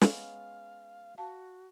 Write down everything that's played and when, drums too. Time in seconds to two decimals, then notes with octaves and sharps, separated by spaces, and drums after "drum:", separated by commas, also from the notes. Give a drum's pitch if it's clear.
0.01 G#3 B3 C#4 F5, drum: snare
1.18 F#4 F5 A5